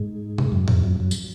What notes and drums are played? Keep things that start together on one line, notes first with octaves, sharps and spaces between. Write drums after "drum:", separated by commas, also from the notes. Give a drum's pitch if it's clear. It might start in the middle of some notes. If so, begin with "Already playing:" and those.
Already playing: G#2
drum: tom
F#2
F2, drum: tom A2
F#2
F#2
drum: tambourine